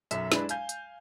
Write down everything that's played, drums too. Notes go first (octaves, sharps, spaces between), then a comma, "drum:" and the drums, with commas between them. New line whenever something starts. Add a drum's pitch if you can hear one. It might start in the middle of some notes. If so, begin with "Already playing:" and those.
B1 F#2 E5 E7, drum: hi-hat
G#3 D4 E4 B4, drum: snare
F5 G#5 G6, drum: hi-hat
drum: hi-hat